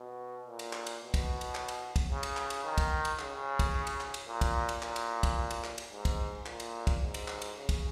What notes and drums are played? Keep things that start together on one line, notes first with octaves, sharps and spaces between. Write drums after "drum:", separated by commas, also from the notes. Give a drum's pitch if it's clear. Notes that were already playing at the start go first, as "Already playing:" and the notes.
Already playing: B2
A#2
drum: cymbal
drum: clap
drum: cymbal
B2
drum: kick, cymbal
drum: cymbal
drum: clap
drum: cymbal
drum: kick, cymbal
C#3
drum: cymbal
drum: clap
drum: cymbal
D#3
drum: kick, cymbal
drum: cymbal
C#3, drum: clap
drum: kick, cymbal
drum: cymbal
drum: clap
drum: cymbal
A#2
drum: kick, cymbal
drum: cymbal
A#2, drum: clap
drum: cymbal
drum: kick, cymbal
drum: cymbal
drum: clap
drum: cymbal
G#2
drum: kick, cymbal
A#2, drum: clap
drum: cymbal
drum: kick, cymbal
G#2
drum: cymbal
drum: clap
drum: cymbal
C#3
drum: kick, cymbal